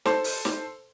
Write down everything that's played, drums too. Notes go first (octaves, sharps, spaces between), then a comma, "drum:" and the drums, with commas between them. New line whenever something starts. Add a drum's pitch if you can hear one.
A4 C5 C6, drum: snare
drum: open hi-hat
drum: snare